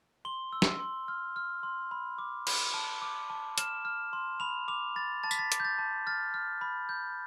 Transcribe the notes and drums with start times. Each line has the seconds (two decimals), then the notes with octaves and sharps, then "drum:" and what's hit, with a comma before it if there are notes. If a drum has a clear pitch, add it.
0.25 C6 G7
0.52 E6
0.62 drum: snare
0.80 C6
1.08 F6
1.36 F6
1.63 C6
1.91 B5
2.18 D6
2.47 B5, drum: cymbal
2.74 A5
3.02 D6
3.30 A5
3.58 F6 E7, drum: hi-hat
3.85 F6
4.13 C6
4.40 B5 F7
4.68 D6 F7
4.96 B5 A6
5.23 A5 A6
5.31 B6, drum: tambourine
5.39 A6
5.52 D6, drum: hi-hat
5.60 G6
5.65 A6
5.79 A5
6.07 F6 A6
6.34 F6
6.61 B5
6.89 G6